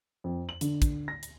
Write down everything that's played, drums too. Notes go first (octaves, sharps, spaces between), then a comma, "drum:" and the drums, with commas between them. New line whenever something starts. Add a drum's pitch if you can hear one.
F2
F#7
D3, drum: hi-hat
drum: kick, hi-hat
A#6
drum: hi-hat